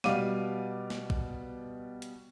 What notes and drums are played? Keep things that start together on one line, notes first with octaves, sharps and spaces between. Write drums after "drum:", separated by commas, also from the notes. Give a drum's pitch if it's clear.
B2 G3 F5 D6 D#7, drum: snare
drum: snare
drum: kick A#1
drum: hi-hat